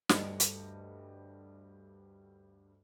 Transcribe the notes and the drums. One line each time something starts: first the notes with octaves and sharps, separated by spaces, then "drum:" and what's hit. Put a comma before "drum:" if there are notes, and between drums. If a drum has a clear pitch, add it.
D2 G2 G3 D#5 C#7, drum: snare
drum: hi-hat